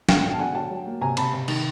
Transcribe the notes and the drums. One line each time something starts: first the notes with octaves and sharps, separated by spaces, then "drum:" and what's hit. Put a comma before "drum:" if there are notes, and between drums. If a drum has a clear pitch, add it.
B2 F5 G5, drum: snare
B2
A5
D3 F#5 G#5
F#3 G5 A5
F#3
A#3
C3 G#5 A#5
C3 A5 B5, drum: cymbal
C3
D#3, drum: cymbal